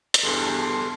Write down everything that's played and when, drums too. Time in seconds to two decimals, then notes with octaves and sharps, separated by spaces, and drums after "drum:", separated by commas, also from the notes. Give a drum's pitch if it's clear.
0.14 drum: hi-hat
0.24 E2 G2 B3 A4 C6